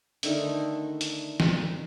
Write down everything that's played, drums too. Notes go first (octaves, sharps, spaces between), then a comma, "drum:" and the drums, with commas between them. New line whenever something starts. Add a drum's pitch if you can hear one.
D3 D#3 A3 D#4, drum: hi-hat
drum: hi-hat
drum: snare